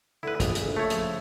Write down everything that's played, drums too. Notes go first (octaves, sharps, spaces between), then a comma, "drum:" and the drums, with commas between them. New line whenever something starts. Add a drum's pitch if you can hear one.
D2 D3 E4 B4
A#1 B3 D4 F5, drum: kick, hi-hat
D2 A#2 C#3, drum: hi-hat
A3 C#5
C#3 F3 E4, drum: hi-hat